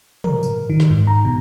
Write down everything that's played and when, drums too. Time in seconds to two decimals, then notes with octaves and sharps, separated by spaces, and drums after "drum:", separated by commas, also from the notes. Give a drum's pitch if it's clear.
0.24 A#4, drum: tom
0.43 drum: tambourine
0.70 D#3
0.80 drum: snare
0.90 G#2
1.07 A#5
1.25 B2